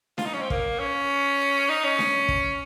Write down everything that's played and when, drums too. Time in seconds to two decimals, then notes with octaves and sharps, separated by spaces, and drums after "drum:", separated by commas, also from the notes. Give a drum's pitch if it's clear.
0.18 F4, drum: snare D4
0.25 D#4
0.34 C#4
0.42 C4
0.50 A#3, drum: kick
0.79 C#4
1.69 D#4
1.84 C#4
1.99 drum: snare D4
2.28 drum: kick